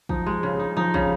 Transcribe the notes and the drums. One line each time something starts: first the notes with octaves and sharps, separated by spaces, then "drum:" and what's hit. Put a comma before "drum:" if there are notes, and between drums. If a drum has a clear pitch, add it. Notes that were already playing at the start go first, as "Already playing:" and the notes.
F3 D#4, drum: kick
G#3
C#3
D#4
F3 D#4
C#3, drum: kick